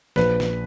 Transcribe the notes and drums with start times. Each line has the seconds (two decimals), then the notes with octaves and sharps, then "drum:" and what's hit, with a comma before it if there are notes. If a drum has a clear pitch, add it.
0.16 A#1 B4, drum: snare
0.40 drum: snare